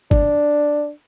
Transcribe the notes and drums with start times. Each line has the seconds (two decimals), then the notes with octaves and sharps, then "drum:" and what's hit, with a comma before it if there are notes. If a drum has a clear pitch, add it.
0.11 D4, drum: kick